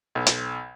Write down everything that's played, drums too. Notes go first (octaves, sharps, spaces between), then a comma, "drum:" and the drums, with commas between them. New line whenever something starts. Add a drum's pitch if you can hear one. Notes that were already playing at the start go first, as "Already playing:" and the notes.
B1
drum: hi-hat